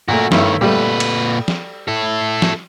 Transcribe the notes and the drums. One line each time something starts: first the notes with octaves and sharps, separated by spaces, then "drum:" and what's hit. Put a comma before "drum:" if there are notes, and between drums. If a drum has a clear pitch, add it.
A#2 A3 F#4 A#4
G2 D#3 A3 E4 C#5, drum: snare
A#2 G3 A3 B4
drum: cymbal
drum: snare
E4 A4
drum: snare